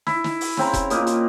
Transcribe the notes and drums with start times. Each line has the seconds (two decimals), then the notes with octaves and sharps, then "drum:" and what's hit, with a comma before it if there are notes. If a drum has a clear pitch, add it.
0.07 E4, drum: snare
0.24 drum: snare
0.41 drum: open hi-hat
0.57 C#3 C4 A#5, drum: snare
0.74 drum: kick F1, hi-hat
0.90 A#2 A#3 D5 D#5, drum: hi-hat
1.07 drum: hi-hat